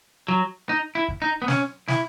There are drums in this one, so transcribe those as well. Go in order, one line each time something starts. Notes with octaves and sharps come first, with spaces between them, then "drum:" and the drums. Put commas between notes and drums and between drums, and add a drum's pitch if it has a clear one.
F#3
D#4
E4
drum: kick
D#4
B3
C#4, drum: snare
E4, drum: snare